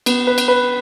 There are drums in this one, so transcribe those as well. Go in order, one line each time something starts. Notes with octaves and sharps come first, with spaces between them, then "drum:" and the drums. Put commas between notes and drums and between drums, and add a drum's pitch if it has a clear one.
B3, drum: cymbal
B4
drum: cymbal
B4